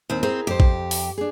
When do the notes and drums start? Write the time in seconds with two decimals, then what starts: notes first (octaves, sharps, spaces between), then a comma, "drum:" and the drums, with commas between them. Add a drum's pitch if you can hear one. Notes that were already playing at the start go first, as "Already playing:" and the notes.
0.10 D#2 C4
0.23 C4 E4 G#4 A#4
0.47 F2 G4 C5
0.60 drum: kick
0.91 drum: open hi-hat
1.18 D4 G#4